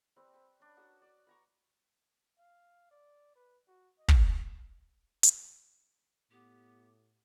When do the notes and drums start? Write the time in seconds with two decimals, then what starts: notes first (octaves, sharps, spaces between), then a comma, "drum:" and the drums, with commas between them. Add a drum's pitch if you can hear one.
0.16 G3 C4 B4
0.34 B5
0.60 C#4 D4
0.77 F#4 A#4 D#6
1.02 D5
1.27 B4 A#5 C#6
2.39 F5
2.91 D5
3.36 B4
3.68 F#4
3.98 D#5
4.08 drum: kick
5.23 drum: hi-hat
6.31 A2 B3 G4